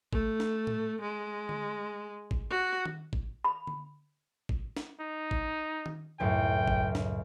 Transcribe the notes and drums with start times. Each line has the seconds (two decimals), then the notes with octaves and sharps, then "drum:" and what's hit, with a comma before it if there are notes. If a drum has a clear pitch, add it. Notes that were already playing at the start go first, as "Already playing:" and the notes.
0.13 A3, drum: kick G#1
0.40 drum: snare
0.67 drum: tom
1.01 G#3
1.49 drum: tom D3
2.31 drum: kick G#1
2.50 F#4
2.85 drum: tom D#3
3.13 drum: kick G#1
3.44 B5
3.67 drum: tom D3
4.49 drum: kick G#1
4.77 drum: snare
5.00 D#4
5.31 drum: kick G#1
5.86 drum: tom D#3
6.20 C#2 F#2 A2 G5
6.68 drum: kick G#1
6.95 drum: snare